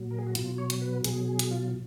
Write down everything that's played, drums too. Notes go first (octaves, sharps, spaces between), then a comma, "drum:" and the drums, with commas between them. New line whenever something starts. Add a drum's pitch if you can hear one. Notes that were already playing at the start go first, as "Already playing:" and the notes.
Already playing: A#2 F#3
A#4
G#4
F#4
B2 F#3 F4, drum: hi-hat
C#5
drum: hi-hat
B4
B2 F#3 G#4, drum: hi-hat
G#4
drum: hi-hat
F4